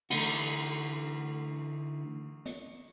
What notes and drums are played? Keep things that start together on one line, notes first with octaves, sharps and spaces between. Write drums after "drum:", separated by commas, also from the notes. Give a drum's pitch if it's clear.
D3 E3 A3 D#4 F#4, drum: cymbal
drum: hi-hat